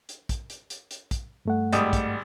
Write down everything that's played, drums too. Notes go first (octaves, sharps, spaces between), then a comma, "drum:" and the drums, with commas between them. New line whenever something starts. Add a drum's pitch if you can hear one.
drum: hi-hat
drum: kick, hi-hat
drum: hi-hat
drum: hi-hat
drum: hi-hat
drum: kick, hi-hat
G2 A3 F#5
G#1 G3 D#6, drum: hi-hat
drum: kick, hi-hat